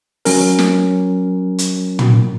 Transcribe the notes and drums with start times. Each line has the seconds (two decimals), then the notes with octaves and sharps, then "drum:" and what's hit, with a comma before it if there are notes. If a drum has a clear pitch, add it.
0.25 F#3 C#4 A#4, drum: open hi-hat
0.58 drum: snare
1.58 drum: hi-hat
1.99 drum: tom